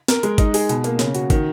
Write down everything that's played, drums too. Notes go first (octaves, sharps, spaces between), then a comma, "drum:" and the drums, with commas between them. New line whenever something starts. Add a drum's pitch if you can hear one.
A#4, drum: snare
G#3, drum: hi-hat
D#4, drum: kick, hi-hat
G#4, drum: open hi-hat
B2, drum: hi-hat
A#3, drum: hi-hat
C#3, drum: snare
F#4, drum: hi-hat
D#3, drum: kick, hi-hat